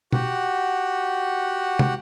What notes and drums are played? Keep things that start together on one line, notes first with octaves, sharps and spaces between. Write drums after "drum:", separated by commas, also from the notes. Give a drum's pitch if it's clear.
F#4 G4 F#5, drum: tom B2
drum: tom